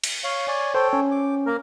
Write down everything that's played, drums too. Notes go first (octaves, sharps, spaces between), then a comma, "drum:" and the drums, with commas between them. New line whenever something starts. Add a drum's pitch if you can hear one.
drum: cymbal
C#5 F5
C#5 D5 G#5
A4 C5 C#5 G5
C#4
D6
A#3 A#4